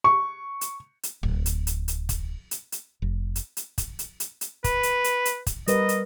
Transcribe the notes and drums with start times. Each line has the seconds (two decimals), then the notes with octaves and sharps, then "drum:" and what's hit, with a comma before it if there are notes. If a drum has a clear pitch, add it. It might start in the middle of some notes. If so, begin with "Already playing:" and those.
0.04 C#6
0.61 drum: hi-hat
1.03 drum: hi-hat
1.23 D1, drum: kick
1.46 drum: hi-hat
1.67 drum: hi-hat
1.88 drum: hi-hat
2.09 drum: kick, hi-hat
2.51 drum: hi-hat
2.72 drum: hi-hat
3.02 F1
3.36 drum: hi-hat
3.57 drum: hi-hat
3.78 drum: kick, hi-hat
3.99 drum: hi-hat
4.20 drum: hi-hat
4.41 drum: hi-hat
4.64 B4, drum: kick, hi-hat
4.83 drum: hi-hat
5.04 drum: hi-hat
5.25 drum: hi-hat
5.46 drum: kick, hi-hat
5.68 G3 A#4 B4 D#5, drum: hi-hat
5.89 drum: hi-hat